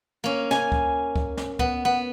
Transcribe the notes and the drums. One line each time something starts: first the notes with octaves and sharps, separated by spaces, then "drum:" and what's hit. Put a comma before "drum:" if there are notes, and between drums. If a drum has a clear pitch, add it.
A#3 C#4
G#5, drum: snare
drum: kick C#2
drum: kick C#2
drum: snare
B3, drum: kick C#2
B3